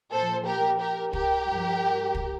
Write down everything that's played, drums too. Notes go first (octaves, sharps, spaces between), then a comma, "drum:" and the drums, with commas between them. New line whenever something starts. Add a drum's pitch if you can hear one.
A#2 F3 A4 C5
G4 A#4
G4 A#4
G4 A#4, drum: kick
G2 F3
drum: kick